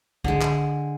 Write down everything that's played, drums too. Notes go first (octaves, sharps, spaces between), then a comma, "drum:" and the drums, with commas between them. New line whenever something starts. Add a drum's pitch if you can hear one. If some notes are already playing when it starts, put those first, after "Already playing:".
D3 G#3, drum: kick C2
drum: clap